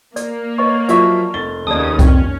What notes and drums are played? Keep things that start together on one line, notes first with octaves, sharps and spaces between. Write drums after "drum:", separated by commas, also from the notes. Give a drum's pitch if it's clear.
A#3 D5, drum: hi-hat
B4 C#5 D#5 C#6
F3 F#3 D5 E5 C#6, drum: hi-hat
F1 A6 G7
D#2 C#3 D5 A5 D#6
F2 C4 C#4, drum: kick C2, hi-hat